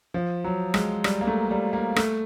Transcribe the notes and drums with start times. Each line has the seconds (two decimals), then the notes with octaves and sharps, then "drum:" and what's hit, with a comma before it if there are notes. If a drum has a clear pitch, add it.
0.14 F3
0.44 F#3
0.74 G#3, drum: rim click
1.04 G3, drum: rim click
1.21 A#3
1.27 A3
1.51 G3
1.73 A#3
1.96 A3, drum: rim click